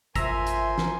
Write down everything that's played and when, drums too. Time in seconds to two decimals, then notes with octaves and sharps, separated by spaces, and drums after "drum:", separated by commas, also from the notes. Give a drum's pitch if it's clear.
0.16 G#1 F3 A#4 E5 G#5 A#5 C6, drum: kick, hi-hat
0.47 drum: hi-hat
0.78 drum: snare